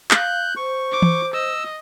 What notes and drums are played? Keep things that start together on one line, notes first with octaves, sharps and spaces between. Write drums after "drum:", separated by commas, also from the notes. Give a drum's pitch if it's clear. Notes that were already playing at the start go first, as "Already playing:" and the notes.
F5 F#6 G6, drum: clap
C5 C#6
D6
drum: tom E3
D#5 E6